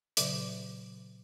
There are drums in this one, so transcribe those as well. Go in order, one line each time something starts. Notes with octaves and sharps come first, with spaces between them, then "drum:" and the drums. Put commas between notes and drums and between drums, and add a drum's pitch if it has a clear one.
A#2 C#3 F#3 D5 D6, drum: hi-hat